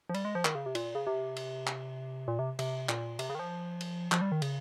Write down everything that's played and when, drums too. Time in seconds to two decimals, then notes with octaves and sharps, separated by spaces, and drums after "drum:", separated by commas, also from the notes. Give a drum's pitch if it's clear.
0.09 F3
0.14 G3, drum: cymbal
0.25 G#3
0.35 F3
0.45 D#3, drum: clap
0.55 C#3
0.66 C3
0.75 A#2, drum: cymbal
0.95 C#3
1.07 C3
1.37 drum: cymbal
1.67 drum: clap
2.28 A#2
2.39 C3
2.59 C3, drum: cymbal
2.89 A#2, drum: clap
3.19 C3, drum: cymbal
3.30 C#3
3.35 D#3
3.39 F3
3.81 drum: cymbal
4.12 F3, drum: clap
4.21 G3
4.32 D#3
4.42 C#3, drum: cymbal